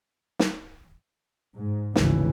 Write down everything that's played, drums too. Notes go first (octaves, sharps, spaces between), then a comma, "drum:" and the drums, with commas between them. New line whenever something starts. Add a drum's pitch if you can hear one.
drum: snare
G#2
G#1 D2 C#3 E3, drum: snare